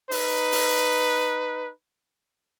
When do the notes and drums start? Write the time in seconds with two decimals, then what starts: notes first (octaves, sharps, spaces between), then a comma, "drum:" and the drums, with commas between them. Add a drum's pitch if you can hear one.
0.11 D#4 B4, drum: open hi-hat
0.52 drum: open hi-hat